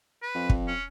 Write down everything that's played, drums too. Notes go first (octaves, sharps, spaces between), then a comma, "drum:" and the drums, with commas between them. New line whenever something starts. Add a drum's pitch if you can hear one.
B4
F2
drum: kick
C#4